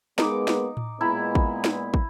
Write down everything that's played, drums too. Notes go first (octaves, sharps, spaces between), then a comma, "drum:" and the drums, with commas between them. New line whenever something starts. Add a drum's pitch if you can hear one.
G#3 A#3 B3 D#4 D6, drum: snare
drum: snare
drum: tom A2
A#2 G#3 B3 E4 A#5 B5
drum: kick
drum: snare
drum: kick